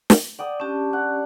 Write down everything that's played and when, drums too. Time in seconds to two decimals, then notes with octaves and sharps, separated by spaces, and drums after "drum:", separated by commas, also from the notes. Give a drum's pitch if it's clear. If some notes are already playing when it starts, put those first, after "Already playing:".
0.10 drum: snare
0.39 D5 F#5 G5 D#6
0.60 C#4 D4 G4
0.90 G3 F#5